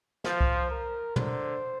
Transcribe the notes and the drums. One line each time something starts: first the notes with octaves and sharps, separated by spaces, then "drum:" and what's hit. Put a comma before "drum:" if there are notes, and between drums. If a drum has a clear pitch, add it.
F3 C5, drum: snare
drum: kick C2
A#4
D3 C5, drum: tom